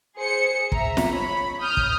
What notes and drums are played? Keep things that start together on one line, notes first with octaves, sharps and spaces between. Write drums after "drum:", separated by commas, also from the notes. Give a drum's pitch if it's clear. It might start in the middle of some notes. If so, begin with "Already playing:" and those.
G#4 C5 C#7
E5 A#5, drum: kick
drum: snare
C#5 B5
D#6 F6 G6
drum: kick